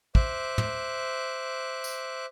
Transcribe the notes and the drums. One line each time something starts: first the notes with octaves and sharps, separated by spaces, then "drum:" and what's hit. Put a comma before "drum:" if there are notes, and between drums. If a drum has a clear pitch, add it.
C5 E5 D6 F#6, drum: kick
drum: tom
drum: tambourine